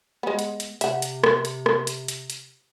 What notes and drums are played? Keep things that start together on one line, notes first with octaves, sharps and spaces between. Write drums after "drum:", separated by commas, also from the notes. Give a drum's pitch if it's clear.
G#3 B3
drum: hi-hat
drum: hi-hat
C3 E5 F#5, drum: hi-hat
drum: hi-hat
drum: rim click
drum: hi-hat
drum: rim click
drum: hi-hat
drum: hi-hat
drum: hi-hat